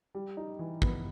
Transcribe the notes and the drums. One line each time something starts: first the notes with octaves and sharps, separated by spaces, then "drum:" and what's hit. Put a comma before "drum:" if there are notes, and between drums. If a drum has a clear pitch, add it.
G3
D#4
E3
B3, drum: kick